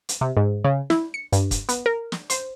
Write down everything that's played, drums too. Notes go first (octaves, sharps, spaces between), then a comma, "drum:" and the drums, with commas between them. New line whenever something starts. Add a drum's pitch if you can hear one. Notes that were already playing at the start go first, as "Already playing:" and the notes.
drum: hi-hat
C3
G#2
C#3
E4, drum: snare
C#7
G2, drum: hi-hat
drum: kick, hi-hat
B3, drum: hi-hat
A#4
drum: snare
C5, drum: hi-hat